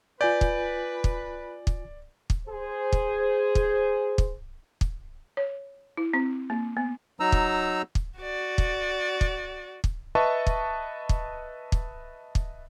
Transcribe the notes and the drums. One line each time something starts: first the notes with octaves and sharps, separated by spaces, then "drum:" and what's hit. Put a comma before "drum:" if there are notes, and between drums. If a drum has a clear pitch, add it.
F4 B4 D5 G#5 G6
drum: kick
drum: kick
drum: kick
drum: kick
G#4 C5
drum: kick
drum: kick
drum: kick
drum: kick
C#5
E4
C4
A#3
B3
F#3 D#4 A#5 E6
drum: kick
drum: kick
F#4 D5
drum: kick
drum: kick
drum: kick
B4 D#5 E5 A5 C#6
drum: kick
drum: kick
drum: kick
drum: kick